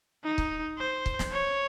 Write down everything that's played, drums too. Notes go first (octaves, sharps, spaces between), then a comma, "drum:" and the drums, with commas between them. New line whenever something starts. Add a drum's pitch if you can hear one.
D#4
drum: kick
C5
drum: kick
drum: snare
C#5